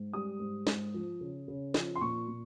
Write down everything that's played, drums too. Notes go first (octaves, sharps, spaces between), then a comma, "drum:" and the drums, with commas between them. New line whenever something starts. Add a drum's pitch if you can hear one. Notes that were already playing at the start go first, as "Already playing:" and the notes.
Already playing: G#2
G3 D#6
G#2
G#2, drum: snare
F3
C#3
C#3
F3, drum: snare
C6
A#2 C#6
A#2